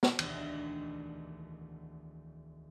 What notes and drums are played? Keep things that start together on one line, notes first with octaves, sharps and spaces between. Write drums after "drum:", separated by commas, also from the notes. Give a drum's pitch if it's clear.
drum: snare
E1 D2 D#3 D4 G4, drum: cymbal